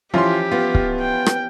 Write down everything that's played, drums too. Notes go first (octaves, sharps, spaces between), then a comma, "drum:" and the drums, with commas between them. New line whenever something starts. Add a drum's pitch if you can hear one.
E3 F3 C#4 E4 F4 G4 C6
B3 F4
drum: kick
G5
drum: rim click